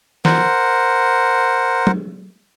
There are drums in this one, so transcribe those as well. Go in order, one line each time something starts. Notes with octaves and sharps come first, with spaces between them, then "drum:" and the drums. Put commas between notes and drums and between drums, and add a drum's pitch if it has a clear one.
A#4 C5 F#5, drum: snare
drum: tom